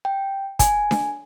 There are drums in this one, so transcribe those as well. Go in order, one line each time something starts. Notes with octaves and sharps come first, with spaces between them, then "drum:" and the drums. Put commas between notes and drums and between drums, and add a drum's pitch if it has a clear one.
G5
G#5, drum: kick, hi-hat
drum: snare D4